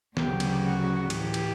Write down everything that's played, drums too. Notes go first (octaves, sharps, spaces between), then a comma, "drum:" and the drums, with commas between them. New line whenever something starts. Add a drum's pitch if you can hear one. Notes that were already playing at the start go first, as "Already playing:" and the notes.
D2 C#3 F#3 G4, drum: snare
drum: cymbal
F#4
A2 E3 G4, drum: cymbal
drum: cymbal